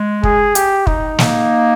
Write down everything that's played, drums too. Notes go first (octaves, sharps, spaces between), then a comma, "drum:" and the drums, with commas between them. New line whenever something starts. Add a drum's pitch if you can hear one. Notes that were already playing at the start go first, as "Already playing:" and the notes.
Already playing: G#3
G#4, drum: kick
G4, drum: hi-hat
D#4, drum: kick
A#3, drum: snare